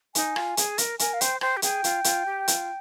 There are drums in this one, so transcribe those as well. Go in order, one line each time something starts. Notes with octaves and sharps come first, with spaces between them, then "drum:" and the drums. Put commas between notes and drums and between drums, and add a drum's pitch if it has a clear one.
D#4 G#5, drum: hi-hat
F4, drum: rim click
G#4, drum: hi-hat
A#4, drum: hi-hat
A#4 G#5, drum: hi-hat
F5
C5 G5, drum: hi-hat
C5 G5, drum: rim click
G4
G#4 G5, drum: hi-hat
F4, drum: hi-hat
F4, drum: hi-hat
G4
F4, drum: hi-hat